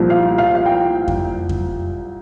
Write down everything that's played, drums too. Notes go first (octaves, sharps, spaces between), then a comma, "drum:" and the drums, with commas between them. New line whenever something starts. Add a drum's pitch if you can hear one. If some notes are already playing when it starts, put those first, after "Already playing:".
Already playing: C2 A#2 F3
F5
F5
F5
G5
drum: kick F2
drum: kick F2